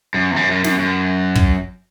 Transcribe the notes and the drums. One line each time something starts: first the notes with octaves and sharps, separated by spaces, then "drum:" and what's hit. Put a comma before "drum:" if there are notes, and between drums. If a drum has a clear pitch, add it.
F#2
E2
F#2
F#2
F#2, drum: snare
F#2
drum: kick